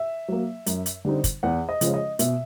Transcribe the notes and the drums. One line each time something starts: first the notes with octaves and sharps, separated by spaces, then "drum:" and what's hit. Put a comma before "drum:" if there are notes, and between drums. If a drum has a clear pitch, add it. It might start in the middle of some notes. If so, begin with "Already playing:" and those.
Already playing: E5
F#3 A#3
F#2, drum: hi-hat
drum: hi-hat
D3 G3 C4 D#4
drum: kick, hi-hat
E2 F#5
D#5
C#3 F3 G#3 C#4, drum: hi-hat
D#5
B2 E5, drum: hi-hat